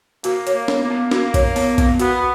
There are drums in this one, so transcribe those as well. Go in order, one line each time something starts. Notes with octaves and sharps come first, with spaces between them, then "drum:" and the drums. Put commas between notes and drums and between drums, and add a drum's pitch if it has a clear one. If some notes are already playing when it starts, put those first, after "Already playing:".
A#3 F#4, drum: hi-hat
C#5, drum: hi-hat
A#3
B3, drum: snare
A#3
B3
A#3 F#4, drum: snare
C#5, drum: kick B1, hi-hat
B3, drum: open hi-hat
B3, drum: kick B1, hi-hat
B3 F#4, drum: hi-hat